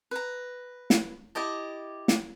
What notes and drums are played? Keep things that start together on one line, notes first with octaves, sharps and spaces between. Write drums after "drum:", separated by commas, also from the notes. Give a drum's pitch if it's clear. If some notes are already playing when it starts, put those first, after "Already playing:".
B4 A#5
drum: snare
E4 G4 D#5 A5
drum: snare